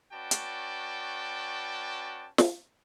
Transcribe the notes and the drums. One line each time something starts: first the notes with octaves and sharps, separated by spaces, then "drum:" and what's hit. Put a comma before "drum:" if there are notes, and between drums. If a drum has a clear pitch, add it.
C#4 F#4 B4 D5 G5 A5
drum: hi-hat
drum: snare